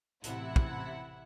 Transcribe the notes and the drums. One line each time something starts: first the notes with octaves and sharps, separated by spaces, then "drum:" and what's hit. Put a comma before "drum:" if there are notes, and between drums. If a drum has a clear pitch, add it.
A1 C3 E4 F#5, drum: hi-hat
drum: kick